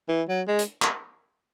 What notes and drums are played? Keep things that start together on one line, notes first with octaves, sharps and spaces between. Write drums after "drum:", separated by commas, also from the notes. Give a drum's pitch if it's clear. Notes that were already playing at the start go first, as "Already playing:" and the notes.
E3
F#3
G#3
drum: hi-hat
drum: clap